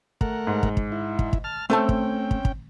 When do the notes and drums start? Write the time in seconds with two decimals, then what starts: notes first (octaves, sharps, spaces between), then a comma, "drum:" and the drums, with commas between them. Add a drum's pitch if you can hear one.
0.21 A3 A#4 F#5, drum: kick
0.47 G#2
0.63 drum: kick
0.77 drum: kick
0.92 E4
1.19 drum: kick
1.33 drum: kick
1.44 A5 F6
1.70 A3 C4 C#4 A4 G5 A5
1.89 drum: kick
2.31 drum: kick
2.45 drum: kick